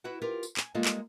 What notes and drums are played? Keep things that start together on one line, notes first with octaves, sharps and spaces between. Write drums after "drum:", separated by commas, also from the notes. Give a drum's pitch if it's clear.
E4 F#4 B4 F#5
F4 G4 A#4
drum: tambourine
G#5, drum: clap
G3 G#3 A#3 F4 A4 D#5
drum: clap